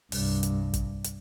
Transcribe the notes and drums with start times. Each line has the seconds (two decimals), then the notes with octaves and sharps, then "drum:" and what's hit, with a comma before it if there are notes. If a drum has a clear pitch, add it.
0.12 C2 G2, drum: open hi-hat
0.43 drum: hi-hat
0.74 drum: kick, hi-hat
1.04 drum: hi-hat